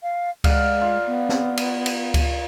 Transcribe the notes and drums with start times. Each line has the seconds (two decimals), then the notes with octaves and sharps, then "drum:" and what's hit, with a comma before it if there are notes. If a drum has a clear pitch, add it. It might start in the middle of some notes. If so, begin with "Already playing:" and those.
0.03 F5
0.44 G#3 D5 F5 F#5, drum: kick C#2, cymbal
0.81 F4
1.06 B3
1.29 drum: snare
1.57 drum: cymbal
1.86 drum: cymbal
2.14 drum: kick C#2, cymbal